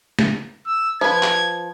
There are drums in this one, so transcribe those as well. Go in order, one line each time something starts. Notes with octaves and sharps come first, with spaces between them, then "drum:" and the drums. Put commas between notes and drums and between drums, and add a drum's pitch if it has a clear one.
drum: snare
E6
F3 B4 G#6
drum: clap